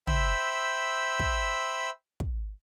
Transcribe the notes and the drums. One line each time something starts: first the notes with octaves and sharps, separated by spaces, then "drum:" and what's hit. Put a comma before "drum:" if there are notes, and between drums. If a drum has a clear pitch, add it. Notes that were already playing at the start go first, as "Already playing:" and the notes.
C5 E5 G5 B5 E6, drum: tom
drum: kick
drum: kick